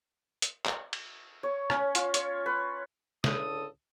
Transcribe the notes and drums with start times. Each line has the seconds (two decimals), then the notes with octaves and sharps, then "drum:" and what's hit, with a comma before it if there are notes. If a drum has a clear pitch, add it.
0.42 drum: hi-hat
0.65 drum: clap
0.93 drum: cymbal
1.43 C#5
1.70 C#4, drum: rim click
1.95 F4, drum: hi-hat
2.14 C#5, drum: hi-hat
2.46 B4
3.24 C#2 A2 D3 A4 D#6, drum: snare